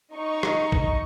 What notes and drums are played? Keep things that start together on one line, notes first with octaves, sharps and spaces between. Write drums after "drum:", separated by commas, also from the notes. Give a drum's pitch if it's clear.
D#4 C#6
drum: rim click
drum: kick